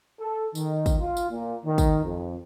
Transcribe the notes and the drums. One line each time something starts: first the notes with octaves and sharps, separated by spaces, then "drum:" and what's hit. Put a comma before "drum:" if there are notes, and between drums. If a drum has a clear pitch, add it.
A4
D#3, drum: tambourine
drum: kick, tambourine
F4
drum: tambourine
A#2
D#3
drum: kick, tambourine
F2